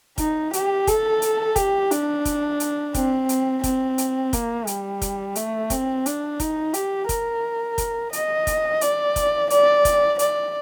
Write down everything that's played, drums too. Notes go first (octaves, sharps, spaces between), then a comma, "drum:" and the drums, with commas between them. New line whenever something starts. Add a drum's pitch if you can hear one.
D#4, drum: kick, hi-hat
G4, drum: hi-hat
A4, drum: kick, hi-hat
drum: hi-hat
G4, drum: kick, hi-hat
D4, drum: hi-hat
drum: kick, hi-hat
drum: hi-hat
C4, drum: kick, hi-hat
drum: hi-hat
C4, drum: kick, hi-hat
drum: hi-hat
A#3, drum: kick, hi-hat
G3, drum: hi-hat
drum: kick, hi-hat
A3, drum: hi-hat
C4, drum: kick, hi-hat
D4, drum: hi-hat
D#4, drum: kick, hi-hat
G4, drum: hi-hat
A#4, drum: kick, hi-hat
drum: kick, hi-hat
D#5, drum: hi-hat
drum: kick, hi-hat
D5, drum: hi-hat
drum: kick, hi-hat
D5, drum: hi-hat
drum: kick, hi-hat
D5, drum: hi-hat